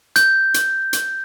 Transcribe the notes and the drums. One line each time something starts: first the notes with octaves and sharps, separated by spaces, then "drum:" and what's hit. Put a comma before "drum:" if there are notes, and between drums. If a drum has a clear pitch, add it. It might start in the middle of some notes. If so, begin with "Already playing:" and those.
G6, drum: hi-hat
drum: hi-hat
drum: hi-hat